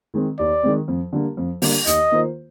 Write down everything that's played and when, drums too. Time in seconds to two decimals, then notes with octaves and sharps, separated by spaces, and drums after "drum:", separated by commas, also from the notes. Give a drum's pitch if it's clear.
0.14 D#3 G#3 C4
0.39 D#2 D5
0.63 D#3 G#3 C4
0.88 F2
1.13 D3 G3 A#3
1.37 F2
1.62 D3 G3 A#3, drum: open hi-hat
1.86 D#2 D#5, drum: hi-hat
2.11 D#3 A#3 F4 C5